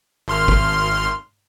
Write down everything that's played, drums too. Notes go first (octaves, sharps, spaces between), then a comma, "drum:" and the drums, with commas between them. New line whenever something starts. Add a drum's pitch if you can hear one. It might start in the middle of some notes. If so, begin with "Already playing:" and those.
G#1 C6 F6
drum: kick